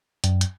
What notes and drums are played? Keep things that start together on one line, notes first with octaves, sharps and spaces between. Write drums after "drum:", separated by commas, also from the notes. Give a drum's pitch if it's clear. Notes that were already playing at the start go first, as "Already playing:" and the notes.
F#2, drum: hi-hat
drum: hi-hat